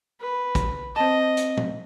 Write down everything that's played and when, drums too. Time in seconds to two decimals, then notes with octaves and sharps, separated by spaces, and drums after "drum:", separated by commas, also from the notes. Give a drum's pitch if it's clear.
0.21 B4
0.55 drum: kick, hi-hat
0.96 C4 D#5 A5
1.37 drum: hi-hat
1.57 drum: tom